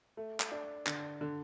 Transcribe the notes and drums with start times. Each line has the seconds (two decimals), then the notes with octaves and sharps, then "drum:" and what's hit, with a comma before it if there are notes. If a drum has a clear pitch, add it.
0.17 A3
0.40 drum: clap
0.52 D4
0.86 D3, drum: clap
1.21 D3